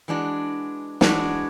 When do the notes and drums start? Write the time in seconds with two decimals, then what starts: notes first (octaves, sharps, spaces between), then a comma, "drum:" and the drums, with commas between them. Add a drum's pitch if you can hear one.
0.08 E3 G#3 D4 F#4
1.01 E3 G#3 D4 F#4, drum: snare